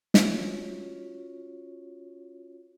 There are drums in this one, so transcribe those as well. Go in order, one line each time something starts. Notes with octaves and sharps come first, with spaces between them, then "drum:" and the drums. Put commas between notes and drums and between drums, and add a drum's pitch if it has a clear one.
C#4 F4 F#4 C#5, drum: snare